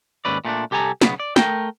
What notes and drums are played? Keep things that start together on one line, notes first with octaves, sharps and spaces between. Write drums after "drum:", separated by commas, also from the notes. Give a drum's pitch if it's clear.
D#2 G#2 C#4 B4 D5
A#2 A3 C#4 D4
C2 G4 A4 G#5 A#5
B1 C#3 B3, drum: snare
D5
A3 A#4 G5, drum: snare